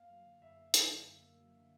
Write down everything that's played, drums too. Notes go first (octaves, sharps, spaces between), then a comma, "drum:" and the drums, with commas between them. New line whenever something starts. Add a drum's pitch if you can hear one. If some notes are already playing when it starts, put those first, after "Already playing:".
Already playing: F#2 A#3 F5
F#3
D3
F#2 E5
A#3
F#3, drum: hi-hat
D3
F#2
A#3
F#3
D3